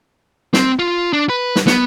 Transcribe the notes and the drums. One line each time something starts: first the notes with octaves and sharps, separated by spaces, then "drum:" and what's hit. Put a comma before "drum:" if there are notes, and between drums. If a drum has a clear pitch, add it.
C4, drum: snare
F4
D4
B4
drum: snare
B3, drum: snare